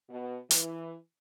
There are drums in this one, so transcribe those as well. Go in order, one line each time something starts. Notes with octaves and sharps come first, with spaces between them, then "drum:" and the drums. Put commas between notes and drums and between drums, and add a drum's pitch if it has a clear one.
B2
E3, drum: hi-hat